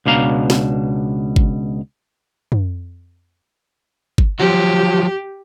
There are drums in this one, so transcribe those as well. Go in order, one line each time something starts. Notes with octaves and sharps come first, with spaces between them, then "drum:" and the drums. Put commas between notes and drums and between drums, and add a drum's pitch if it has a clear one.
C#2 B2 D4 F5 A#5
drum: snare
drum: kick
drum: tom
drum: kick
F3 F#3 G4